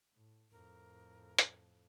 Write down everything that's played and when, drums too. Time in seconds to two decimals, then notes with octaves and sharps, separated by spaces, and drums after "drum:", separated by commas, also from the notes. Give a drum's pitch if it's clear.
0.14 A2
0.51 F2 A2 A#4
1.38 drum: hi-hat